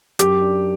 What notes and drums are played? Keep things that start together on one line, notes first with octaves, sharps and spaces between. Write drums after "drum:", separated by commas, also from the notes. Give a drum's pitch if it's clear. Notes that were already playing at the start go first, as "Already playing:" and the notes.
F#2 G4, drum: hi-hat
D4